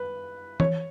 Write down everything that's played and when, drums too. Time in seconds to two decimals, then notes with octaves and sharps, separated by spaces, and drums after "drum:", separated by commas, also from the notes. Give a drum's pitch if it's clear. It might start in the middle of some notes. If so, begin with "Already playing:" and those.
Already playing: B4
0.60 C#5, drum: tom E3